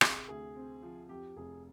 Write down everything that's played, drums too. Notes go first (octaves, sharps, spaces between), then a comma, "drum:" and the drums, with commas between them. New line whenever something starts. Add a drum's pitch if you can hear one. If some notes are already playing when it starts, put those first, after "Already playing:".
C3 G#4, drum: rim click
D2 G#4
C4
F3
F2 G4
F1 G#4